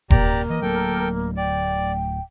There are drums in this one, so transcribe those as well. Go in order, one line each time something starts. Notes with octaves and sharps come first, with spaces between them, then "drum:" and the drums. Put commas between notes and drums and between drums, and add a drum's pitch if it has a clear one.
D#1 A#3 G4 D5 A#5, drum: kick E1
E3 D#5
D1 F#3 A3 A4 A#4 G5
D5 G5